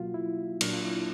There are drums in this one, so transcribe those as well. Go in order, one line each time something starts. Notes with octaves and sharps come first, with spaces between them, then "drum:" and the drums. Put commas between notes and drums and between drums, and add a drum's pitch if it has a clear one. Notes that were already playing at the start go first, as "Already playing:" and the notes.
Already playing: B2 F#3 A#3 F4 F#4
E4
A#2 F#3 A#3 D4, drum: cymbal
F4
E4